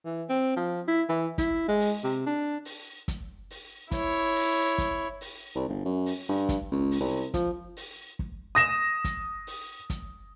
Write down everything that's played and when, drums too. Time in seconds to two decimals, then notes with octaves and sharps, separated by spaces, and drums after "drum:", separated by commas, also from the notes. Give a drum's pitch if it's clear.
0.05 E3
0.29 C4
0.56 F3
0.88 E4
1.09 E3
1.38 E4, drum: kick, hi-hat
1.68 G#3
1.80 drum: open hi-hat
2.04 C3
2.26 D4
2.65 drum: open hi-hat
3.08 drum: kick, hi-hat
3.50 drum: open hi-hat
3.91 E4 C#5, drum: kick, hi-hat
4.36 drum: open hi-hat
4.78 drum: kick, hi-hat
5.21 drum: open hi-hat
5.55 C2
5.68 G1
5.85 F#2
6.06 drum: open hi-hat
6.29 G2
6.49 drum: kick, hi-hat
6.72 C#2
6.91 drum: open hi-hat
7.00 C2
7.34 F3, drum: kick, hi-hat
7.77 drum: open hi-hat
8.19 drum: kick
8.55 D#6 A#6 E7
9.04 drum: kick, hi-hat
9.47 drum: open hi-hat
9.90 drum: kick, hi-hat